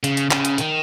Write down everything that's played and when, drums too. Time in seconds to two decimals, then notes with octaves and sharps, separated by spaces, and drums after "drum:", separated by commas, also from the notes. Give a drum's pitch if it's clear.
0.04 C#3, drum: hi-hat
0.17 drum: hi-hat
0.31 C#3, drum: clap
0.45 drum: hi-hat
0.58 D#3, drum: hi-hat